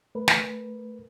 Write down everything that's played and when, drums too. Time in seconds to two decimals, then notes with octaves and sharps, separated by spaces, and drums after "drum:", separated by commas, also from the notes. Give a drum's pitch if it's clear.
0.15 A3 A#4 B4
0.28 drum: snare